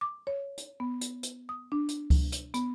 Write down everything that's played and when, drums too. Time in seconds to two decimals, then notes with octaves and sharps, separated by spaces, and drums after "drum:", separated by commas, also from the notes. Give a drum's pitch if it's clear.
0.01 D6
0.27 C#5
0.58 drum: hi-hat
0.80 B3
1.01 drum: hi-hat
1.23 drum: hi-hat
1.49 D#6
1.72 D4
1.88 drum: hi-hat
2.10 drum: kick C#2, open hi-hat
2.32 drum: hi-hat
2.54 B3, drum: hi-hat